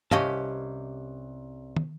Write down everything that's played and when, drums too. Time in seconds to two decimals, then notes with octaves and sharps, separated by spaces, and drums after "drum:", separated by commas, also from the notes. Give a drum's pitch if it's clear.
0.11 C2 C#4 G4 D#5 F5 A5, drum: tom
1.77 drum: tom